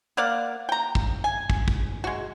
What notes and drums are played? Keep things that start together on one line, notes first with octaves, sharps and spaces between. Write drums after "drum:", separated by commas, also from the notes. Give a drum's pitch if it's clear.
A#3 D5 F5 F#5
G5 A#5
drum: kick
G#5
drum: kick
drum: kick
G#3 F#4